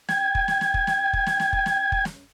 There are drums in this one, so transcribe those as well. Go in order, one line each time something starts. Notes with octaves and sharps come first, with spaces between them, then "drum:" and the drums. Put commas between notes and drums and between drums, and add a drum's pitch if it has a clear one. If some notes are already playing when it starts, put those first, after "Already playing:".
G5 G#6, drum: snare
drum: kick
drum: snare
drum: snare
drum: kick
drum: snare
drum: kick
drum: snare
drum: snare
drum: kick
drum: snare
drum: kick
drum: snare